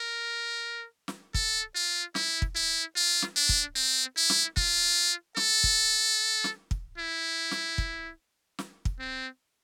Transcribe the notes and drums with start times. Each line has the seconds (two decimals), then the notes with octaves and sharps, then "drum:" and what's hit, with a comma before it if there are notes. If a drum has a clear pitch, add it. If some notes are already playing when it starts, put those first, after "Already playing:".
Already playing: A#4
1.08 drum: snare
1.34 A4, drum: kick
1.75 F4
2.15 E4, drum: snare
2.42 drum: kick
2.55 E4
2.96 F4
3.22 drum: snare
3.36 D4
3.49 drum: kick
3.76 C4
4.17 E4
4.30 drum: snare
4.57 F4, drum: kick
5.37 A4, drum: snare
5.64 drum: kick
6.44 drum: snare
6.71 drum: kick
6.98 E4
7.51 drum: snare
7.78 drum: kick
8.59 drum: snare
8.85 drum: kick
8.99 C4